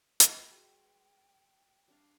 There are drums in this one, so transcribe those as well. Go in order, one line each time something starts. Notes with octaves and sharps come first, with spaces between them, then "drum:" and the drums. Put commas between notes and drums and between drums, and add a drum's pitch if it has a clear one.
G5, drum: hi-hat
G#3 F#4 B4
G3 D4 F5